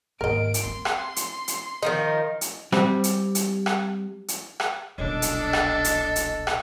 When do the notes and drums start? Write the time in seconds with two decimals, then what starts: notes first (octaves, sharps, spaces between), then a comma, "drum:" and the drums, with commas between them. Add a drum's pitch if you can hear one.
0.21 D#2 G#2 A#4 D#5 D7
0.54 drum: hi-hat
0.66 C4 C6
0.85 drum: rim click
1.16 drum: hi-hat
1.48 drum: hi-hat
1.82 D#3 F3 D#4 D#5
2.41 drum: hi-hat
2.72 G3 C4, drum: rim click
3.04 drum: hi-hat
3.35 drum: hi-hat
3.66 drum: rim click
4.28 drum: hi-hat
4.60 drum: rim click
4.98 D#1 B1 D4 A4 D#5
5.22 drum: hi-hat
5.53 drum: rim click
5.84 drum: hi-hat
6.16 drum: hi-hat
6.47 drum: rim click